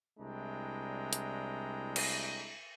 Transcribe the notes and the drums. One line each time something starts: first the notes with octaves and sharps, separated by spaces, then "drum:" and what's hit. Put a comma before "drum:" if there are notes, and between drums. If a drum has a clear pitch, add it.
C2 G#3 D4 E4 G5 A#5
drum: hi-hat
drum: cymbal